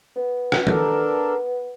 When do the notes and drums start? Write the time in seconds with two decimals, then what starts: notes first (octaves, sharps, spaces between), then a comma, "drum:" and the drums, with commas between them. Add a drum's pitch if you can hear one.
0.16 B3
0.52 drum: rim click
0.67 D4 A4 A#4, drum: tom D#3